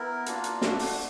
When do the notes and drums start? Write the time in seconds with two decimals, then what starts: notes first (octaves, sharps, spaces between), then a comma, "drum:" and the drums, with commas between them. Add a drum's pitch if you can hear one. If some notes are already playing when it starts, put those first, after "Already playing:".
Already playing: B3 E4 A#4
0.26 A#3 D4 F4, drum: hi-hat
0.44 drum: hi-hat
0.62 A3 D4 F#4, drum: snare
0.79 drum: open hi-hat